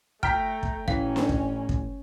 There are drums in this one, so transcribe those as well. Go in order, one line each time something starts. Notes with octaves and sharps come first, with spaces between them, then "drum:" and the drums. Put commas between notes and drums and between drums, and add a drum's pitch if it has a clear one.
A3 G5 A#5 F6 B6, drum: kick
drum: kick
A2 E3 C#4 F5, drum: kick
drum: snare
drum: kick
drum: kick